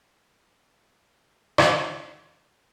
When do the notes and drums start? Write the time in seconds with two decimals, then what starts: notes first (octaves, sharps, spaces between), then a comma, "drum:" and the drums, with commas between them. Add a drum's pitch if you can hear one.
1.58 drum: rim click
1.72 G#5 C6